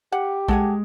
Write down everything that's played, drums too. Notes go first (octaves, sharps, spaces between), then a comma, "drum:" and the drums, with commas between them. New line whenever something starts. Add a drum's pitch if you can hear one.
G4 F#5
G#3 A4 F#5 G#5, drum: kick A#1